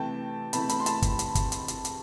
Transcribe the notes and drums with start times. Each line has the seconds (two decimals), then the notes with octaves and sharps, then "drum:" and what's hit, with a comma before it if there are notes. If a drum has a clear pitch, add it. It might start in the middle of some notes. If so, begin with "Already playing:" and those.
Already playing: C3 E3 A3 G5 A5
0.53 C3 E3 A3 A5 B5, drum: hi-hat
0.69 A5 B5, drum: hi-hat
0.80 C6
0.86 A5 B5, drum: hi-hat
1.02 drum: kick, hi-hat
1.19 drum: hi-hat
1.35 drum: kick, hi-hat
1.52 drum: hi-hat
1.68 drum: hi-hat
1.85 drum: hi-hat